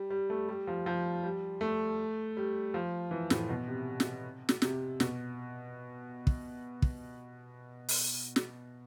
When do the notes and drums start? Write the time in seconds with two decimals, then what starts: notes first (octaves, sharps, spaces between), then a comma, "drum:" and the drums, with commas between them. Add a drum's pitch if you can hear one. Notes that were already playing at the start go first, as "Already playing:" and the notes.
Already playing: G3
0.10 G3
0.30 A3
0.49 G3
0.67 F3
0.86 F3
1.23 G3
1.61 A3
2.37 G3
2.74 F3
3.11 E3
3.30 A2, drum: snare
3.49 B2
3.67 C3
4.00 drum: snare
4.49 drum: snare
4.62 C3, drum: snare
5.00 B2, drum: snare
6.27 drum: kick
6.82 drum: kick
7.88 drum: open hi-hat
8.36 drum: snare